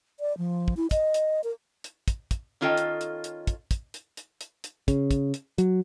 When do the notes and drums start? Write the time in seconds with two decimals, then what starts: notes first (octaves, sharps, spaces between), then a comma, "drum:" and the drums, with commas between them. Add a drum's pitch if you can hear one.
0.20 D5
0.38 F3
0.68 drum: kick
0.77 E4
0.91 D#5, drum: kick, hi-hat
1.14 drum: hi-hat
1.44 A#4
1.84 drum: hi-hat
2.08 drum: kick, hi-hat
2.31 drum: kick, hi-hat
2.61 D#3 C#4 F4 A4 D#5 G5
2.77 drum: hi-hat
3.01 drum: hi-hat
3.24 drum: hi-hat
3.47 drum: kick, hi-hat
3.71 drum: kick, hi-hat
3.94 drum: hi-hat
4.17 drum: hi-hat
4.41 drum: hi-hat
4.64 drum: hi-hat
4.88 C#3, drum: kick, hi-hat
5.11 drum: kick, hi-hat
5.34 drum: hi-hat
5.58 F#3, drum: hi-hat